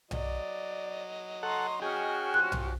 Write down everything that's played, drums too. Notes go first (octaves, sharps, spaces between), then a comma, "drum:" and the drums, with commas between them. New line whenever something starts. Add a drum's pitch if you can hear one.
F#3 D5 D#5, drum: tom B1
A4 F#5 A#5 C6 C#6
C#4 F#4 G#4 G5 F6
F3 G4 C6 F#6
drum: tom B1